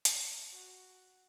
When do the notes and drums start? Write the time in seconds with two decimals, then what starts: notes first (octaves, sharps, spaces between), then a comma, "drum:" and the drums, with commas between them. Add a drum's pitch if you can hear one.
0.05 drum: hi-hat
0.52 F#4